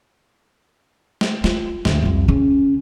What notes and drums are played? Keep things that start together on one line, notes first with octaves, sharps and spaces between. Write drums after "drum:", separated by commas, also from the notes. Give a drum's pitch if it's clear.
drum: snare
F4, drum: snare
D2, drum: snare
C2 F2
C#3 C#4